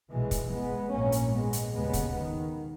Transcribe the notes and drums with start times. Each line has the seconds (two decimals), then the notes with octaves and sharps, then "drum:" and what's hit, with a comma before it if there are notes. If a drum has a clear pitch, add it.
0.11 B1 B2 E3 G#3
0.31 drum: kick, hi-hat
0.51 G#3 B3
0.91 A#1 G#2 A#3 C#4
1.12 drum: hi-hat
1.33 G#3 B3
1.53 drum: hi-hat
1.73 D#2 C#3 G#3 B3
1.93 drum: kick, hi-hat
2.14 D#3